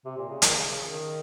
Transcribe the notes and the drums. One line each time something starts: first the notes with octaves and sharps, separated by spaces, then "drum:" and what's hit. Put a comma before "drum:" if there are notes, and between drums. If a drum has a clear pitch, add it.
C3
A#2
C#3
D#3, drum: hi-hat
C#3
C#3
D#3